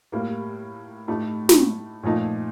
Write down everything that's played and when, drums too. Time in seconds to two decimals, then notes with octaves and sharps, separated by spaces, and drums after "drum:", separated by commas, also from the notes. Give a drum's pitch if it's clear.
0.12 A2 G3 A#3
1.08 A2 A3 D#4 G4
1.49 drum: snare
2.03 A#2 F3 A3 D#4